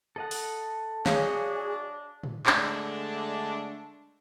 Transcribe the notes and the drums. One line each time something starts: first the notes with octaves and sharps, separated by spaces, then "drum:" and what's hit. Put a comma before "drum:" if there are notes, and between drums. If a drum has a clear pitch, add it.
A4 D#5 F#5
drum: open hi-hat
D4 F#4 G#4 C#5 D#5 F5, drum: snare
drum: tom A2
D3 G#3 A3 D4, drum: clap